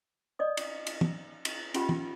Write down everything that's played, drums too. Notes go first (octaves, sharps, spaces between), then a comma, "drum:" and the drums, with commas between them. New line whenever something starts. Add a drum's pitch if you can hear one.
D5 D#5 D#6
drum: cymbal
drum: cymbal
drum: tom
drum: cymbal
C#4 F4 G4 F#5 B5, drum: cymbal
drum: tom